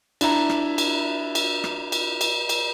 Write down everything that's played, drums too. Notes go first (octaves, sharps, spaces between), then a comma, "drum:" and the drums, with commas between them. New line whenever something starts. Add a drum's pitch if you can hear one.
D4 E4 E5 A#5, drum: cymbal
drum: rim click
drum: cymbal
drum: cymbal
drum: rim click
drum: cymbal
drum: cymbal
drum: cymbal